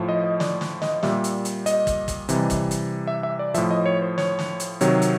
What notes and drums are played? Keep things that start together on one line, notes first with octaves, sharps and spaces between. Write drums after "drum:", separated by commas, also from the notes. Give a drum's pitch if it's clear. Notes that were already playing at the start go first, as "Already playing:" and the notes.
Already playing: A2 F3
D#5
D#5
D5, drum: snare
drum: snare
D#5, drum: snare
A#2 G3 E5, drum: snare
drum: hi-hat
drum: hi-hat
D#5, drum: hi-hat
drum: kick, hi-hat
drum: kick, hi-hat
C3 E3 G3, drum: hi-hat
drum: kick, hi-hat
drum: hi-hat
E5
E5
D5
A2 F3 E5, drum: hi-hat
D#5
C#5
C5
C#5, drum: snare
drum: snare
drum: hi-hat
C3 D#3 F#3 C#5, drum: hi-hat
drum: hi-hat